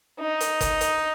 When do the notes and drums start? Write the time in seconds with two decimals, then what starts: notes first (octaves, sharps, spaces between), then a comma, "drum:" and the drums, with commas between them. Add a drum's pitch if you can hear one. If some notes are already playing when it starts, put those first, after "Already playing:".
0.20 D#4
0.40 drum: hi-hat
0.61 drum: kick F#1, hi-hat
0.81 drum: hi-hat